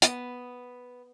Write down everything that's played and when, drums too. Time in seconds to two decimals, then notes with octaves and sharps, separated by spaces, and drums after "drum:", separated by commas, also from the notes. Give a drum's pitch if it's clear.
0.02 B3, drum: hi-hat